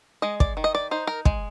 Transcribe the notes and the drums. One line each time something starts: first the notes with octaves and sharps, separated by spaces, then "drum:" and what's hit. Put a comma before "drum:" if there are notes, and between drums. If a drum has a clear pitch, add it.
G#3 D#5
D5, drum: kick
D#3
D#5
D5
D#4 C5
A#4
G#3, drum: kick